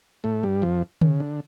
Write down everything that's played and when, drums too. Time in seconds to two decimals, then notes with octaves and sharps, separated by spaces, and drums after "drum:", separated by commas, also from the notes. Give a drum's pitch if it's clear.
0.24 A2 A3
0.43 G2 G3
0.62 F2 F3
1.01 C#3, drum: tom D3
1.20 D3